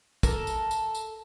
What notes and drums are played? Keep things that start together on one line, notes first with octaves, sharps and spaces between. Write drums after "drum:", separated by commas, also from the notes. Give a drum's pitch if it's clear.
A4 A#4, drum: kick, tambourine
drum: tambourine
drum: tambourine
drum: tambourine